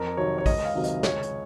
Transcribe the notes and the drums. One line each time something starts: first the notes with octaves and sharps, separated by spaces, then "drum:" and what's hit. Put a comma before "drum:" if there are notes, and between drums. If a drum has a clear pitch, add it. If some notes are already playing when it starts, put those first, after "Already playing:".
Already playing: F2 A#4
C3 D#3 F#3 C#5
C#5
C#2 D#5, drum: kick, open hi-hat
F5
C3 D#3 F#3
D#5, drum: hi-hat
C#2 C#5, drum: snare
drum: hi-hat